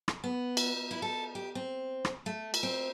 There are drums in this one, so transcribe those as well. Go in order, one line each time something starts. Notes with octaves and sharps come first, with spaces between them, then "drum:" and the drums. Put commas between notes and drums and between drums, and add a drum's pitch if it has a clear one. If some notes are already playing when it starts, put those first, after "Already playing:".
drum: rim click
B3
drum: cymbal
E4
A4
G4
C4
drum: rim click
A3
drum: cymbal
C4